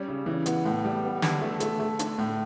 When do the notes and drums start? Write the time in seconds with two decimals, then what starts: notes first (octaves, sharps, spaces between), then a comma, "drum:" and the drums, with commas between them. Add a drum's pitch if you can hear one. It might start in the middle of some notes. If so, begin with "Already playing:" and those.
Already playing: G3 C#4
0.08 C#3
0.26 E3
0.46 B3, drum: hi-hat
0.65 A2
0.84 G3
1.04 B3
1.22 D3, drum: snare
1.41 A3
1.60 A3, drum: hi-hat
1.80 A3
1.99 D3, drum: hi-hat
2.18 A2